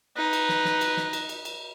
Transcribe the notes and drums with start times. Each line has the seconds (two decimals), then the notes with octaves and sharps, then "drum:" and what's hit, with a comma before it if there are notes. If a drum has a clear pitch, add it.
0.17 D#4 B4
0.33 drum: cymbal
0.49 drum: snare
0.65 drum: snare
0.81 drum: cymbal
0.97 drum: snare
1.13 drum: cymbal
1.29 drum: cymbal
1.45 drum: cymbal